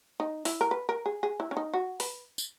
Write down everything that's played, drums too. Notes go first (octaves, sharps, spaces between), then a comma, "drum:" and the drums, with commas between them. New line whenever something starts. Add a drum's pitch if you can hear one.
D#4
E4, drum: open hi-hat
A#4
B4
A#4
G#4
G#4
E4
C#4
D#4
F#4
B4, drum: open hi-hat
drum: tambourine